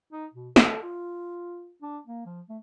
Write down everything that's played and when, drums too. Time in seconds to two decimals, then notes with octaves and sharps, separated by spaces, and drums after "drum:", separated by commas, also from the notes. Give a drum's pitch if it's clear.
0.12 D#4
0.34 B2
0.56 A4, drum: snare
0.83 F4
1.82 D4
2.07 A#3
2.26 F3
2.49 A3